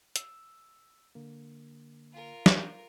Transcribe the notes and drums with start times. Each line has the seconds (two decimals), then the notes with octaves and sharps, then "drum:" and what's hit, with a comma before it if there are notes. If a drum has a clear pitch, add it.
0.16 E6, drum: hi-hat
1.15 D3 A#3
2.12 F4 A#4
2.46 drum: snare